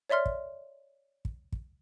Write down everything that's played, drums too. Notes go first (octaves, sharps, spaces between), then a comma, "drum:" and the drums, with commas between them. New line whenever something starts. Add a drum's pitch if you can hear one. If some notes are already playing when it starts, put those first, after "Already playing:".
C#5 D5 E5 C6 F6
drum: kick
drum: kick
drum: kick